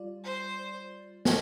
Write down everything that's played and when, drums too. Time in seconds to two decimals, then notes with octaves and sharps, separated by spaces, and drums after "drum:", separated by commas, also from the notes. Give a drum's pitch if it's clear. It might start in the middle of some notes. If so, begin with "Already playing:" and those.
Already playing: G3 F4 D5
0.24 C5
1.25 D4 A4, drum: snare